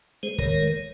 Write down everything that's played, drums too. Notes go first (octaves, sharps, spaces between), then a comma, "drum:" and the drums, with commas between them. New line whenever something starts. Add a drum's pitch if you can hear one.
G#3 G#4 C5
D#3 A#4 C#5, drum: kick